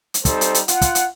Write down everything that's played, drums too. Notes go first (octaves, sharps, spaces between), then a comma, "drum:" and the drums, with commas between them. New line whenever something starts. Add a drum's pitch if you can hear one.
drum: hi-hat
G3 C4 D#4 A4 C5, drum: kick, hi-hat
drum: hi-hat
drum: hi-hat
F4 F#5, drum: hi-hat
drum: kick, hi-hat
drum: hi-hat